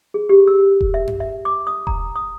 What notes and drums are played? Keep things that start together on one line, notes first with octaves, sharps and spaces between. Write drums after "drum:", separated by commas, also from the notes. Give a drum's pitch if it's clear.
G#4
G4
E6
drum: kick E1
E5
drum: tom F#2
E5
D6
D#6
A#5, drum: kick E1
D#6